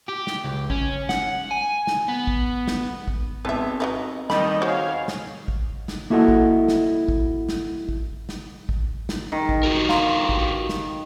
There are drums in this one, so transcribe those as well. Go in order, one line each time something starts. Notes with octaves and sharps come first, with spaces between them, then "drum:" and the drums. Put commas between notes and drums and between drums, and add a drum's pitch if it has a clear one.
G4
drum: snare
C#2
C#4, drum: kick
F#5, drum: snare
G#5
drum: snare
B3
drum: kick
drum: snare
drum: kick
G#1 B2 B3 C4 B4 E5
F#3 A3 D#4 B4 A#5
D#2 D#3 G3 D#5 B5, drum: snare
F#4 C5 C#5 D#5 F5 F#5 G#5
drum: snare
drum: kick
drum: snare
A#3 E4 F#4 A4 D#5 F#5
drum: kick
drum: snare
drum: kick
drum: snare
drum: kick
drum: snare
drum: kick
drum: snare
D#3
drum: kick
F#4 G4 A#4
F5 A#5 C6, drum: snare
drum: kick
drum: snare